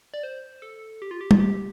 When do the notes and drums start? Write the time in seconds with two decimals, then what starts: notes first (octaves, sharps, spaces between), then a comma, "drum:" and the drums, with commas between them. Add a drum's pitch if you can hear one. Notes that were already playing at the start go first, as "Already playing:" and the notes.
0.14 D5
0.23 C5
0.62 A4
1.02 G4
1.11 F4
1.21 G4
1.31 F4, drum: tom G3
1.40 G4